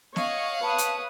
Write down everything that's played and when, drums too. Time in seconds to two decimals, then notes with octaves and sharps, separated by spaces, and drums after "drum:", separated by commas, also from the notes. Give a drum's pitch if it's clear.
0.16 C#5 D#5 F5 F#5, drum: snare B3
0.62 B4 C#5 A5 D#6
0.78 drum: hi-hat